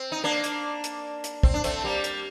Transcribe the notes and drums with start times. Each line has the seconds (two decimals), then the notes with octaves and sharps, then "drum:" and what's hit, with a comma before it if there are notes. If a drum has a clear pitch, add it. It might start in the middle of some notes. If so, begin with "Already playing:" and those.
Already playing: C4
0.12 D#4
0.24 A#3 D4
0.44 drum: hi-hat
0.84 drum: hi-hat
1.24 drum: hi-hat
1.43 C4, drum: kick
1.54 D4
1.64 A3 C4, drum: hi-hat
1.84 G3 A#3
2.04 drum: hi-hat